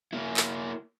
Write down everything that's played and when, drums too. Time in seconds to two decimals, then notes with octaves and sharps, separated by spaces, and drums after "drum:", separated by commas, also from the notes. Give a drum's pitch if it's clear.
0.13 A#3 E4
0.37 drum: clap